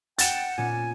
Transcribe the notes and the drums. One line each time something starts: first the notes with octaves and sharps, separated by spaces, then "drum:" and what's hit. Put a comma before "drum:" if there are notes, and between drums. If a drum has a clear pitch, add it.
F#5 G5 A6 E7, drum: hi-hat
A#2 B3 C#4 G#5